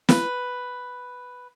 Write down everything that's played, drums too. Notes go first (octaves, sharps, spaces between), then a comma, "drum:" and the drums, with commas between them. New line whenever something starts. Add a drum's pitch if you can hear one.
B4, drum: snare